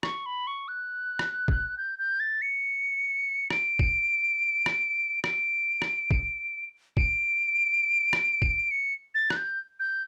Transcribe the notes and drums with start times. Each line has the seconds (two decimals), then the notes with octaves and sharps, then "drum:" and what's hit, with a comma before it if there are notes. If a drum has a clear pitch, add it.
0.03 C#6, drum: rim click
0.26 B5
0.47 C#6
0.68 F#6
1.19 drum: rim click
1.48 drum: kick
1.78 G6
1.99 G6
2.20 A6
2.42 C#7
3.50 D7, drum: rim click
3.79 drum: kick
4.66 drum: rim click
5.24 D7, drum: rim click
5.82 drum: rim click
6.11 drum: kick
6.97 D7, drum: kick
8.13 drum: rim click
8.42 drum: kick
8.71 C#7
9.15 A6
9.30 F#6, drum: rim click
9.36 G6
9.80 G6